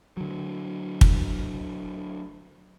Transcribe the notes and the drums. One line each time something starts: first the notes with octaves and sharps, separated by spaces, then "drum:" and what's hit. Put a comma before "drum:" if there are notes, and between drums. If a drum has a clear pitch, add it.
D3 F#3
drum: kick